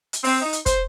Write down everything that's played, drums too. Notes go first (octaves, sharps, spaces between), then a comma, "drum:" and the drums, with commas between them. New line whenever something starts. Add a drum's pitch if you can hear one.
drum: hi-hat
C4, drum: open hi-hat
D#4
drum: hi-hat
C5, drum: kick, hi-hat